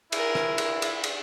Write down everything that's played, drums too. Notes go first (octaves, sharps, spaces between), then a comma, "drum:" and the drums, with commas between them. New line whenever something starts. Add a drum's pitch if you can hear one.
E4 G#4 A#4, drum: cymbal
drum: rim click
drum: cymbal
E5, drum: cymbal
drum: cymbal